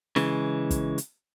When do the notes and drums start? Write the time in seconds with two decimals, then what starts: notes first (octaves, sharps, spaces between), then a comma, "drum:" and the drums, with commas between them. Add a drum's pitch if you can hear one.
0.16 C#3 E3 G#3, drum: snare
0.71 drum: kick, hi-hat
0.98 drum: hi-hat